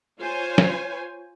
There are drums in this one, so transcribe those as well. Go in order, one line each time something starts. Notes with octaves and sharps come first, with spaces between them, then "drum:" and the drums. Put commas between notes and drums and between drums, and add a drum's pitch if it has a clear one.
F4 C5 C#5 G#5
drum: snare